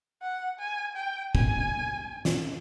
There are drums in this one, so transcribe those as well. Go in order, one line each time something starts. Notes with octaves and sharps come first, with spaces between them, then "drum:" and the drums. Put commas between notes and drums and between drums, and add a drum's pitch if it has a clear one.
F#5
G#5
G5
G#5, drum: kick
drum: snare